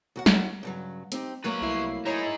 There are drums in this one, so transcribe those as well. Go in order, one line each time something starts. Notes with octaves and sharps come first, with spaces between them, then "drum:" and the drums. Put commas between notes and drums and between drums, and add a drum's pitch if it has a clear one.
D#2 F#4 F#5
drum: snare
G2 C#3 F#3
C4 D#4 G4, drum: hi-hat
F#3 A3 A#3 B4 C#5
C2 E4 C7
D#4 E4 G#4 C#5 D#5